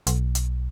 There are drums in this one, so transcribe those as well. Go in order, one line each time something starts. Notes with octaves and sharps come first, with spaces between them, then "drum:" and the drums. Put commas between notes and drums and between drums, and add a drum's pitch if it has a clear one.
B1, drum: hi-hat
drum: hi-hat